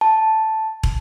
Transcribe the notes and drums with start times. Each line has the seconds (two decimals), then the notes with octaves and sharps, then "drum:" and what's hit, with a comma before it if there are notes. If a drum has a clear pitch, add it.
0.01 A5
0.83 drum: kick